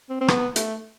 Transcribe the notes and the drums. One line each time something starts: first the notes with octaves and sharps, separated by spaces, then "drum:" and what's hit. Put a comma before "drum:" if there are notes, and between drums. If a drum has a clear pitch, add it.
C4
C4
B3, drum: rim click
A3, drum: hi-hat